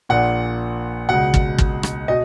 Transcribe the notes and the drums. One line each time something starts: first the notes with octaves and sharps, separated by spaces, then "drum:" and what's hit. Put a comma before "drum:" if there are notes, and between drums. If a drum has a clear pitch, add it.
A#1 A#2 F#5
C#2 B2 F#5
drum: kick
drum: kick
drum: rim click
B2 D#5